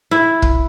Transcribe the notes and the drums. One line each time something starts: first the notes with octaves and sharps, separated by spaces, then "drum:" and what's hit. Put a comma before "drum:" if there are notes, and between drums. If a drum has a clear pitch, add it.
E4
drum: kick